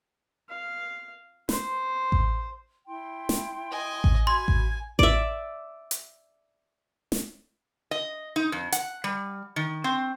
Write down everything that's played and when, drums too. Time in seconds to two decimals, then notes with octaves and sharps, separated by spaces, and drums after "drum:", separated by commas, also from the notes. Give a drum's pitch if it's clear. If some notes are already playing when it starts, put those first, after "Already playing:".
0.49 F5
1.49 C5, drum: snare
2.12 drum: kick A1
2.87 E4 G5 C6
3.29 drum: snare
3.71 D#5 G#5
4.04 drum: kick A1
4.27 F#4 G#5 B5 C6 G#6
4.48 drum: kick A1
4.99 D5 E5, drum: kick A1
5.91 drum: hi-hat
7.12 drum: snare
7.91 D#5
8.36 D#4
8.52 F2
8.72 F#5, drum: hi-hat
9.04 G3
9.56 D#3
9.84 C4